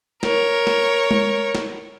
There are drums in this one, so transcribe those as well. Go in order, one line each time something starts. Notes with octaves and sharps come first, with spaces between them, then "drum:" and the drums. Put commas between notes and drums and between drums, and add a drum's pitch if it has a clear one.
A#4 C#5, drum: snare
drum: snare
drum: tom G#3
drum: snare